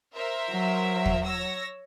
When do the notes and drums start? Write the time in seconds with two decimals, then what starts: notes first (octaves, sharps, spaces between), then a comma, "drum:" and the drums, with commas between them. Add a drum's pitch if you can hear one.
0.15 A#4 C5 E5
0.51 F#3
1.06 drum: kick
1.26 C#5 E6 A#6